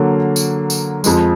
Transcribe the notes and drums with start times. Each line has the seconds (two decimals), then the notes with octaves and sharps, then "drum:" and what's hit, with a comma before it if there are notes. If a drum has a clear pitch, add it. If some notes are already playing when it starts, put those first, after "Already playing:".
Already playing: D3 F#3 A#3
0.36 drum: tambourine
0.70 drum: tambourine
1.04 F2 F3 G#3, drum: tambourine